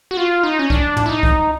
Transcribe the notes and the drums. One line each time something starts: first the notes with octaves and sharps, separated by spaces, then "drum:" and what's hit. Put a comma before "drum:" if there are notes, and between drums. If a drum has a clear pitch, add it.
F#4
F4
D#4
C#4
D4, drum: kick C2
drum: tom
E4
D#4
drum: kick C2